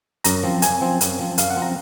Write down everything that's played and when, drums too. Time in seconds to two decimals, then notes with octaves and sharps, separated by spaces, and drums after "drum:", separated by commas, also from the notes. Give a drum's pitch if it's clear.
0.24 F#2 A#5, drum: hi-hat
0.43 F3 C4
0.62 F#2 G#5, drum: hi-hat
0.81 F3 C4
1.01 F#2, drum: hi-hat
1.19 F3 C4
1.38 F#2 F5, drum: hi-hat
1.50 F#5
1.56 F3 C4
1.62 A#5